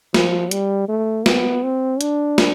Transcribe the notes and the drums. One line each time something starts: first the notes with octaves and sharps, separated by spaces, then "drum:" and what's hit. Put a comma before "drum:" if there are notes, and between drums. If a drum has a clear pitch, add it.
F3, drum: snare
G3, drum: hi-hat
A3
B3, drum: snare
C4
D4, drum: hi-hat
drum: snare